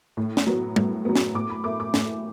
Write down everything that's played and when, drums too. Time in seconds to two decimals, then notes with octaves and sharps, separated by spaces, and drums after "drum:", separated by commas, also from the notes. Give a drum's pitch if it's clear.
0.17 A2
0.37 drum: snare
0.47 F#3 B3
0.76 A2, drum: tom G3
1.05 F#3 B3
1.15 drum: snare
1.35 A2 D6
1.50 B5
1.64 A3 D6
1.80 D6
1.94 A2, drum: snare